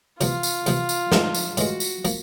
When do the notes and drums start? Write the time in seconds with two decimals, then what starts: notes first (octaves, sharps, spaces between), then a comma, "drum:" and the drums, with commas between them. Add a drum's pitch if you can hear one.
0.21 E2 C3 F3 F4, drum: tambourine
0.43 drum: tambourine
0.66 E2 C3 F3, drum: tambourine
0.89 drum: tambourine
1.12 A2 E3 G#3, drum: snare
1.35 drum: tambourine
1.57 A2 E3 G#3 F#4, drum: tambourine
1.80 drum: tambourine
2.05 F3 A#3, drum: tambourine